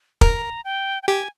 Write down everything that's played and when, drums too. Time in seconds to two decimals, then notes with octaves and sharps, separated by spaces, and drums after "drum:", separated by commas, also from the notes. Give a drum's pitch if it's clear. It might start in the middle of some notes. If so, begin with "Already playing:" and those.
0.21 A#4 A#5, drum: kick
0.65 G5
1.03 G5
1.08 G4 G#5